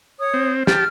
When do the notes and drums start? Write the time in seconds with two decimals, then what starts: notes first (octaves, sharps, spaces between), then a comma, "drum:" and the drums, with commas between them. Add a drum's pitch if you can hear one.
0.19 C#5 D#6
0.34 C4
0.67 G4 A5 F6, drum: snare